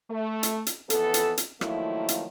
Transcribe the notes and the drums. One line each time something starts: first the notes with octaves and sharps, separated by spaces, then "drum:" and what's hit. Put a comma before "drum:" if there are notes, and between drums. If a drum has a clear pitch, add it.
A3
drum: hi-hat
drum: hi-hat
F2 E3 B3 A4, drum: hi-hat
drum: hi-hat
drum: hi-hat
D#3 F3 F#3 A3 A#3 E4, drum: rim click
drum: hi-hat